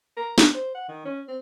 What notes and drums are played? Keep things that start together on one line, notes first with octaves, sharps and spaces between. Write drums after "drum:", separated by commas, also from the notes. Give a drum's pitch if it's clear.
A#4
D4, drum: snare
C5
F#5
D#3
C#4
C4